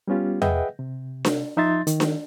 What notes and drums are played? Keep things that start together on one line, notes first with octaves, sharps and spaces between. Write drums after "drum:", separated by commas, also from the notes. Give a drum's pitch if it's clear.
G3 B3 C#4 F4 G4
G#4 B4 D#5 E5 F#5 G5, drum: tom E2
C3
drum: snare D4
F3 D#4 D#5 E5 C6 A6
D#3, drum: hi-hat
drum: snare D4